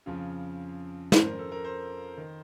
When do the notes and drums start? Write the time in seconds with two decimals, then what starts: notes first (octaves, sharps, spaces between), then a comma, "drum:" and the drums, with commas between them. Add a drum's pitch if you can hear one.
0.06 F2 C#3 F3
1.12 C5, drum: snare
1.25 A#4
1.39 A4
1.52 A#4
1.65 C5
2.17 D#3